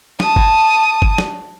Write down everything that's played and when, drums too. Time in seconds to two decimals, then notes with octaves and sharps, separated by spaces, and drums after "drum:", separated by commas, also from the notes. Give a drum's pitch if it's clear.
0.20 A5 D#6, drum: snare
0.36 drum: kick G1
1.02 drum: kick G1
1.18 drum: snare